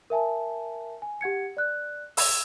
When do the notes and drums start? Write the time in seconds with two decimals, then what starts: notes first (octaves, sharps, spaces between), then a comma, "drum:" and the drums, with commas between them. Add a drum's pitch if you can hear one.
0.10 A#4 E5 G#5 A5
1.02 G#5
1.21 G4 F#5 G#6 C#7
1.57 D5 F#6
2.17 E6 G#6 F7, drum: open hi-hat